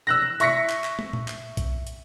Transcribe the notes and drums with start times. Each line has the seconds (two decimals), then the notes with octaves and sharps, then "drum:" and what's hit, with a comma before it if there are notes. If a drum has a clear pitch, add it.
0.07 E6 F#6 A#6
0.40 E5 C#6 A#6 B6 C#7, drum: hi-hat
0.69 drum: clap
0.84 drum: clap
0.99 drum: tom
1.13 drum: tom A#2
1.28 drum: clap
1.57 drum: kick B1, hi-hat
1.87 drum: hi-hat